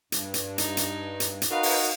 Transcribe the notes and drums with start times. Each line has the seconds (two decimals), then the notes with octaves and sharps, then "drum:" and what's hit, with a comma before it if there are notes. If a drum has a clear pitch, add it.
0.12 G2, drum: hi-hat
0.34 drum: hi-hat
0.58 D#4, drum: hi-hat
0.77 drum: hi-hat
1.20 drum: hi-hat
1.42 drum: hi-hat
1.51 D#4 F#4 A#4 B4 F5
1.63 drum: open hi-hat